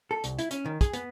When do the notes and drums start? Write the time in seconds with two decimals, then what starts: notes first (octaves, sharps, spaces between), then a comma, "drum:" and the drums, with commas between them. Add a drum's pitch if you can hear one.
0.11 A4
0.24 C2, drum: hi-hat
0.39 E4, drum: hi-hat
0.51 C#4, drum: hi-hat
0.66 D#3
0.81 G#4, drum: kick, hi-hat
0.93 B3, drum: hi-hat